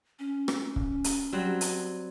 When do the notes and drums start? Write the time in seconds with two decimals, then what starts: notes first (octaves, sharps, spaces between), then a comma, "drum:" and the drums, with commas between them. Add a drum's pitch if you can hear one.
0.19 C#4
0.48 drum: rim click
0.76 drum: kick C#1
1.04 drum: hi-hat
1.33 F#3 G3 C4
1.61 drum: hi-hat